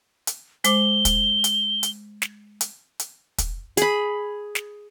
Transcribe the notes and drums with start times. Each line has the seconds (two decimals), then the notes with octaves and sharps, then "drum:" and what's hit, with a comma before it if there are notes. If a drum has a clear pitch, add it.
0.27 drum: hi-hat
0.64 G#3 C5 D6 G7, drum: hi-hat
1.05 drum: kick, hi-hat
1.44 drum: hi-hat
1.83 drum: hi-hat
2.22 drum: snare
2.61 drum: hi-hat
2.99 drum: hi-hat
3.38 drum: kick, hi-hat
3.77 G#4 B5, drum: hi-hat
4.55 drum: snare